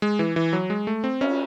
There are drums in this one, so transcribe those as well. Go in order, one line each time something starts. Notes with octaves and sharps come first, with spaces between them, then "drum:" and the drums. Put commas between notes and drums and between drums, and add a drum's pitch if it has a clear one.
G#3
E3
E3
F#3
G#3
A3
C4
C#4, drum: cymbal